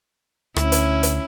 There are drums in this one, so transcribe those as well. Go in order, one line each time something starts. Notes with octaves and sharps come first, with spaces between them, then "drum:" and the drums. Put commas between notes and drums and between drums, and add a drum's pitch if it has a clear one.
D2 C#4 E4, drum: rim click
drum: hi-hat
drum: hi-hat